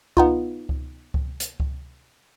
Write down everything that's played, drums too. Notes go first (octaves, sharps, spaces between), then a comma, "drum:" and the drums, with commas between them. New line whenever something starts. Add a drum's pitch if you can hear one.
B3 D#4 F4, drum: kick C#2
drum: kick C#2
drum: kick C#2
drum: hi-hat
drum: kick C#2